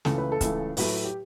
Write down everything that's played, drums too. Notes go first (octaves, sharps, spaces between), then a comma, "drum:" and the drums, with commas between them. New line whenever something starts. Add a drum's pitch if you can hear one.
C#2 C#3 E3 A3 A4, drum: snare
B4
A4
C#2 C#3 E3 A3, drum: kick, hi-hat
A2 F#3 A3 B4, drum: open hi-hat
G4